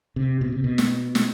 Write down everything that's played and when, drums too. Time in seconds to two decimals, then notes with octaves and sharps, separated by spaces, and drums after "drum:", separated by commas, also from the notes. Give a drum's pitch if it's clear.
0.16 C3
0.41 B2
0.52 C3
0.64 B2
0.78 drum: snare
1.15 drum: snare